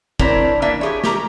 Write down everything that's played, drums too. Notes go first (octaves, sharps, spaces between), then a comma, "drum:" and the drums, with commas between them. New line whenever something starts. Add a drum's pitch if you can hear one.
C4 D4 E4 A#4 C#5, drum: kick
E3 A#3 D4 E5
G4 G#4 C#5
G4 A#4 A#5, drum: snare